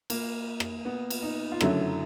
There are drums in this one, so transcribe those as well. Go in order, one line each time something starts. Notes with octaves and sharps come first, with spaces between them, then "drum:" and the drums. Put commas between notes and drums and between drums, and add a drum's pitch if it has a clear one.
A#3, drum: cymbal
drum: rim click
B3
drum: cymbal
D#4
F4
F#1 F#2 D3 F#3 A3 E4, drum: rim click